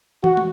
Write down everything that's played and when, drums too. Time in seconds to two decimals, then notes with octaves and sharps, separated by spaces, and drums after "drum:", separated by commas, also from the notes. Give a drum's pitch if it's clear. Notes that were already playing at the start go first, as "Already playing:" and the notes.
0.24 F#4, drum: tom
0.37 drum: tom